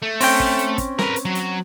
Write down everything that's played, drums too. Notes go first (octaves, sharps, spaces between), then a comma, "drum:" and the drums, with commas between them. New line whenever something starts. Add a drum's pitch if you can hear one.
A3
C4 C#4 G5, drum: open hi-hat
drum: kick
drum: hi-hat
drum: kick, hi-hat
A#4 B4, drum: snare
drum: hi-hat
F#3
drum: hi-hat